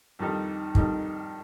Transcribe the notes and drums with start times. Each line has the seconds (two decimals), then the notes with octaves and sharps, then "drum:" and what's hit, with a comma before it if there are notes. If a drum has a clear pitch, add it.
0.19 F2 D#3 G3 D#4
0.75 F2 D#3 G3 D#4, drum: kick